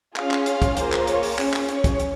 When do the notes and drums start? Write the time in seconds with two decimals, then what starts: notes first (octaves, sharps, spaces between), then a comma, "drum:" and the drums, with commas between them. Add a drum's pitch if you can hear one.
0.16 C#4 F4 G#4 F5, drum: clap
0.31 drum: clap
0.46 F5, drum: hi-hat
0.62 drum: kick, hi-hat
0.77 A#3 F4 G#4 C5, drum: hi-hat
0.92 drum: clap
1.07 C#5, drum: hi-hat
1.23 drum: open hi-hat
1.39 C#4 G#4, drum: clap
1.54 drum: clap
1.69 C#5, drum: hi-hat
1.84 drum: kick, hi-hat
2.00 drum: hi-hat